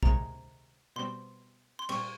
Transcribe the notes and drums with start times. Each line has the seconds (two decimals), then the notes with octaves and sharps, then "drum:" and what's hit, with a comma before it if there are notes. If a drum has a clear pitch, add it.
0.03 C3 D#3 G#3 A#5, drum: kick
0.96 B2 G3 C4 C6
1.79 C6
1.89 A#2 G3 C4 C#6, drum: cymbal